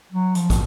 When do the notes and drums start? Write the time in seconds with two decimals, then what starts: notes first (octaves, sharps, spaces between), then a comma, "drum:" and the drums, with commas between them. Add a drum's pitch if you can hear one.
0.12 F#3
0.35 F3, drum: hi-hat
0.50 drum: kick, hi-hat